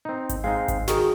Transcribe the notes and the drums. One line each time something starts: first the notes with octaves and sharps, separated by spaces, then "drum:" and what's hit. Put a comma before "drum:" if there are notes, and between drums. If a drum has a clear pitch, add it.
C4 D#4
drum: kick G#1, hi-hat
G#3 C4 D#4 F5
drum: kick G#1, hi-hat
D#3 F#4 G#4 A#4, drum: snare